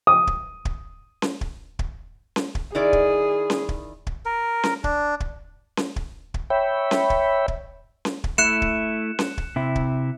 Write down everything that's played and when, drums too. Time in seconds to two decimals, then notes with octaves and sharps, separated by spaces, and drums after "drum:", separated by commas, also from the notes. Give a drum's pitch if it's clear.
0.07 D#6
0.27 drum: kick
0.65 drum: kick
1.22 drum: snare C#4
1.41 drum: kick
1.79 drum: kick
2.36 drum: snare C#4
2.55 drum: kick
2.75 D#3 E4 G#4 D5
2.93 drum: kick
3.50 drum: snare C#4
3.69 drum: kick
4.07 drum: kick
4.26 A#4
4.63 drum: snare C#4
4.84 D4, drum: kick
5.20 drum: kick
5.77 drum: snare C#4
5.96 drum: kick
6.34 drum: kick
6.50 C#5 E5 G5 B5
6.91 drum: snare C#4
7.10 drum: kick
7.48 drum: kick
8.05 drum: snare C#4
8.24 drum: kick
8.38 A3 E4 F#6 C#7 E7
8.62 drum: kick
9.19 drum: snare C#4
9.38 drum: kick
9.56 C3 E4
9.75 drum: kick